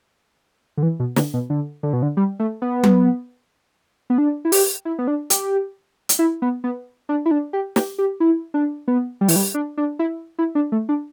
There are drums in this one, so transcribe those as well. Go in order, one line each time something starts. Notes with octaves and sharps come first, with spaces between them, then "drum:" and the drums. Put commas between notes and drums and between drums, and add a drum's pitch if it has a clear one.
D3
E3
B2
D3, drum: snare
B2
D3
D3
B2
D3
G3
A3
B3
drum: tom F#3
B3
D4
E4
G4, drum: open hi-hat
E4
B3
D4
G4, drum: hi-hat
drum: hi-hat
E4
B3
B3
D4
E4
D4
G4
G4, drum: snare
G4
E4
D4
B3
G3
E3, drum: open hi-hat
G3
D4
D4
E4
E4
D4
A3
D4